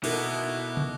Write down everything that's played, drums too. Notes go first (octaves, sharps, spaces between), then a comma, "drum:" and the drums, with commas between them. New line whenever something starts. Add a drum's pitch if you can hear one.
B2 D#4 E4 A4 A#4 D6 F#6 A#6, drum: cymbal
drum: tom